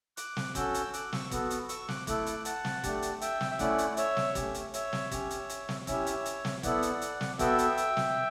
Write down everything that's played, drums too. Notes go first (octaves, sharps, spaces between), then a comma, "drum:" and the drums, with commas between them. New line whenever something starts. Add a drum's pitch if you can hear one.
D6 F#6, drum: hi-hat
drum: snare
C#4 F#4 A4 E6 G6, drum: kick, hi-hat
drum: hi-hat
D6 F#6, drum: hi-hat
C#6 E6, drum: snare
B3 F#4 A4, drum: kick, hi-hat
drum: hi-hat
C#6 E6, drum: hi-hat
D6 F#6, drum: snare
A3 E4 A4 D6 F#6, drum: kick, hi-hat
drum: hi-hat
F#5 A5, drum: hi-hat
drum: snare
A3 D4 G4, drum: kick, hi-hat
drum: hi-hat
E5 G5, drum: hi-hat
drum: snare
E5
A3 C#4 E4 D5 F#5, drum: kick, hi-hat
drum: hi-hat
C#5 E5, drum: hi-hat
drum: snare
A3 C#4 G4, drum: kick, hi-hat
drum: hi-hat
C#5 E5, drum: hi-hat
drum: snare
C#4 G4, drum: kick, hi-hat
drum: hi-hat
drum: hi-hat
drum: snare
C#4 E4 G4 C#5 E5, drum: kick, hi-hat
drum: hi-hat
drum: hi-hat
drum: snare
B3 E4 A4 D5 F#5, drum: kick, hi-hat
drum: hi-hat
drum: hi-hat
drum: snare
B3 F#4 A4 E5 G5, drum: kick, hi-hat
drum: hi-hat
drum: hi-hat
drum: snare